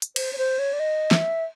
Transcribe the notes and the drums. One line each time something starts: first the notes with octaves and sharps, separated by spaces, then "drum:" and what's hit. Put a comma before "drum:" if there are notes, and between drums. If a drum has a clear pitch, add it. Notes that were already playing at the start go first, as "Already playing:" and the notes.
drum: hi-hat
C5, drum: cymbal
C#5
C5
C#5
D5
D#5
E5, drum: snare